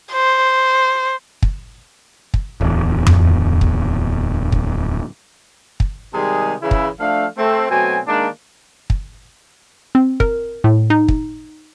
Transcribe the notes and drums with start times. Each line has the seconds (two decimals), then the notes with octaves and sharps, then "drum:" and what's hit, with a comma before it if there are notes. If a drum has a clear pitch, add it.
0.12 C5
1.43 drum: kick
2.34 drum: kick
2.61 D1 E2
3.07 drum: tom F2
3.61 drum: kick
4.52 drum: kick
5.80 drum: kick
6.14 C3 D#3 G3 G#3 G#4
6.62 C#3 E3 E4
6.71 drum: kick
7.00 F3 A3 D4 F5
7.37 A3 C4
7.70 B2 F#3 A3 C4 G#5
8.07 D#3 G#3 A#3 D4
8.90 drum: kick
9.95 C4
10.20 A#4, drum: kick
10.64 A2
10.90 D#4
11.08 drum: kick